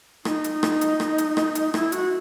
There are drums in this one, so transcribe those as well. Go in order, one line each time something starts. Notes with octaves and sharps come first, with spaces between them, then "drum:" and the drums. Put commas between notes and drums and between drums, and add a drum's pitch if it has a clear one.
D#4, drum: rim click
drum: hi-hat
drum: rim click
drum: hi-hat
drum: rim click
drum: hi-hat
drum: rim click
drum: hi-hat
E4, drum: rim click
F#4, drum: hi-hat